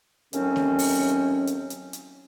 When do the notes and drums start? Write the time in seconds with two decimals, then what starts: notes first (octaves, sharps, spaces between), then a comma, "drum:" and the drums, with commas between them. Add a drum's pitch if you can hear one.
0.33 D#2 A2 D3 F#3 C4 C#4, drum: hi-hat
0.56 drum: snare A#3
0.79 drum: open hi-hat
1.47 drum: hi-hat
1.70 drum: hi-hat
1.93 drum: hi-hat